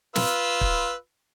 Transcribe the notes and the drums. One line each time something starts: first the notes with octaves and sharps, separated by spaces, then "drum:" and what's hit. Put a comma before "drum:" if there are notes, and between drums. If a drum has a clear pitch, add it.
F4 B4 E6, drum: snare
drum: kick